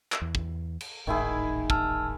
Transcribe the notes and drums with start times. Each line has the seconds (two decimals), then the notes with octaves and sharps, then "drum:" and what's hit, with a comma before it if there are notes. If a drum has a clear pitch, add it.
0.12 drum: clap
0.22 E2
0.35 drum: kick
0.81 drum: cymbal
1.07 D1 G#1 A2 D#3 E4 G#4
1.70 A5 E6 F6, drum: kick